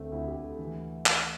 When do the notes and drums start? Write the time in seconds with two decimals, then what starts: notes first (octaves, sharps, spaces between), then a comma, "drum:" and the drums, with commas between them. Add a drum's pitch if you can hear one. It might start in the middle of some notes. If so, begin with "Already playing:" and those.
Already playing: D2 D3 A3 C4
0.12 D2 E4
0.27 G4
0.35 D2
0.43 A4
0.59 E3
1.06 drum: clap